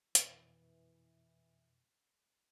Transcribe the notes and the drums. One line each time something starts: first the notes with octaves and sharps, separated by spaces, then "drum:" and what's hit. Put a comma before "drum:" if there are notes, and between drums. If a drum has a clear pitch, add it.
F2 B2 E3, drum: hi-hat